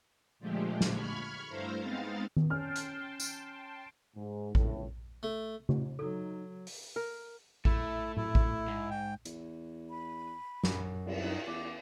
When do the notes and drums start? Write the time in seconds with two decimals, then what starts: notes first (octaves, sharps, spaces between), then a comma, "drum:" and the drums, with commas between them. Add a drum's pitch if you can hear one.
0.39 A#2 D3 F3 G#3 A3 G4
0.81 drum: snare
0.90 B5 C#6 F6 G#6
1.49 G2 A3 E4 C5 F5 A#5
1.81 G#3 B3 C4 D#4 F5 A6
2.37 drum: tom D#3
2.50 C#4 G5 A5 C6 F6
2.76 drum: hi-hat
3.20 drum: tambourine
4.16 G#2
4.55 G1 C#2 A2, drum: kick A1
5.23 A3
5.69 drum: tom C#3
5.99 F#3 D#4 A4
6.67 drum: open hi-hat
6.96 A#4
7.65 A3 E4, drum: kick A1
8.17 E4, drum: tom A2
8.35 drum: kick A1
8.68 G#2
8.90 G5
9.26 E2, drum: hi-hat
9.90 B5
10.63 F#2, drum: snare
11.06 C2, drum: cymbal
11.20 D#4, drum: cymbal
11.47 E2 D6